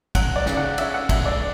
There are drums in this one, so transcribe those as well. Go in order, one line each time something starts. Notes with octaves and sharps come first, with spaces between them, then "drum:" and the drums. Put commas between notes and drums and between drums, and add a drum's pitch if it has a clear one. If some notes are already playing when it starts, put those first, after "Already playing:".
F#3 F#5, drum: kick, cymbal
D5
C#3, drum: snare
F#5
C#4 E5, drum: cymbal
F#5
C#2 E5, drum: kick, cymbal
D5